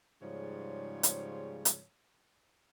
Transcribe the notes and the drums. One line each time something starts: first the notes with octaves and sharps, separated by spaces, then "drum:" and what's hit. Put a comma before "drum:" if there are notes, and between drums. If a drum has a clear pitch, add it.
G#2 C#3 F3 G3 C#5
drum: hi-hat
drum: hi-hat